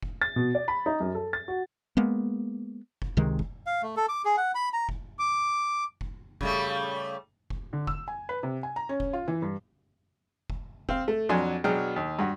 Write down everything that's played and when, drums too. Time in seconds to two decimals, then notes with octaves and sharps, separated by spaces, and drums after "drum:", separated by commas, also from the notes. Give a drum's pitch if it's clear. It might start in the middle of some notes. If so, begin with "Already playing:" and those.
0.03 drum: kick F1
0.22 A6
0.36 B2
0.55 D5
0.68 B5
0.86 D#4
1.00 F#2
1.15 A4
1.33 A6
1.48 F#4
1.97 G#3 A#3 B3
3.02 drum: kick F1
3.17 C#2 C3 D#3 G#3
3.39 drum: kick F1
3.66 F5
3.82 A3
3.97 A4
4.09 D6
4.25 G#4
4.37 F#5
4.55 B5
4.73 A#5
4.89 drum: kick F1
5.19 D6
6.01 drum: kick F1
6.41 C#3 G3 A3, drum: kick F1
7.50 drum: kick F1
7.73 D3
7.87 E6, drum: kick F1
8.08 G#5
8.29 B4
8.43 C3
8.63 G#5
8.76 A#5
8.89 C#4
9.00 drum: kick F1
9.13 F4
9.28 E3
9.42 G2
10.50 drum: kick F1
10.89 C4 F5, drum: kick F1
11.08 A3
11.29 F2 F#3 D4 F#5 G#5 C6
11.64 B2 F#3 D4 G#4 G5 F6
11.96 D#2
12.19 G2 F#4